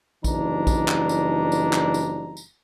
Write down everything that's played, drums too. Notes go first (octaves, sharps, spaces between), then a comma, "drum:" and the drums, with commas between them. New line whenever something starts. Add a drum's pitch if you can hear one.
F#1 E3 G3 D4 D#4 A#5, drum: kick A#1, tambourine
drum: kick A#1, tambourine
drum: clap
drum: tambourine
drum: tambourine
drum: clap
drum: tambourine
drum: tambourine